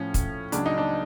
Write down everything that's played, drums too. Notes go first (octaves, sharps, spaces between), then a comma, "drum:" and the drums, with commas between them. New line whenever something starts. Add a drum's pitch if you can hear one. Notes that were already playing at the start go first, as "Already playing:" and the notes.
Already playing: A2 F3 C#4
drum: kick, hi-hat
C#2 C#3 F#3 D4, drum: hi-hat
D#4
D4